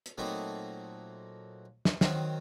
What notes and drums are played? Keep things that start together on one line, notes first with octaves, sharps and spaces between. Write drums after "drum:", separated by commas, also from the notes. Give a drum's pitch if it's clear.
drum: hi-hat
A#2 F#3 A3 C4 D#4
drum: snare
D#3 F#3 C4, drum: snare